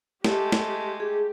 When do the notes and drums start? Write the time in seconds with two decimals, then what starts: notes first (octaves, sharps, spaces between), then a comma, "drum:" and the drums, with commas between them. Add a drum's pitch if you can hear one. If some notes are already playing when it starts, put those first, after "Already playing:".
0.24 G#3 A3 G4, drum: snare
0.52 drum: snare
1.00 G4 G#4